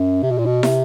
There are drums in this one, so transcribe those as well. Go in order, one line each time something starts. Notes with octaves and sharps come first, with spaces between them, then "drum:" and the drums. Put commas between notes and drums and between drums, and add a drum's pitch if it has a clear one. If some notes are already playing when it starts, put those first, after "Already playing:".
Already playing: F#2
C3
B2
A#2
B2
C3, drum: snare